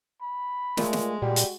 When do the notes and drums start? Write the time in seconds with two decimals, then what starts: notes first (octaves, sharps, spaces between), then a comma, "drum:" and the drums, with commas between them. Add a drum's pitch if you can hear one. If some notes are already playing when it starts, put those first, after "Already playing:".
0.22 B5
0.77 A#2 G#3 A3, drum: snare
0.93 drum: snare
1.22 A#2 G3 F#4
1.36 drum: hi-hat